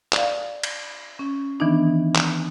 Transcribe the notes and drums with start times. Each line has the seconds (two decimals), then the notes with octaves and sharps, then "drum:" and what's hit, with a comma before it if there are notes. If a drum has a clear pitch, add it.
0.13 D5 F5, drum: clap
0.63 drum: cymbal
1.19 C#4
1.60 D#3 E3 B3 D4 D#4
2.16 drum: clap